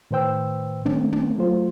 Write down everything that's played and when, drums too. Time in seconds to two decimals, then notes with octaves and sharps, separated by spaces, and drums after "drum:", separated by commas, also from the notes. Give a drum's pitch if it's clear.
0.11 A2 D#3 B4 C5 G5 E6
0.86 D#3 A3 C4 C#4, drum: tom
1.12 drum: tom
1.38 F#3 A3 F4 C5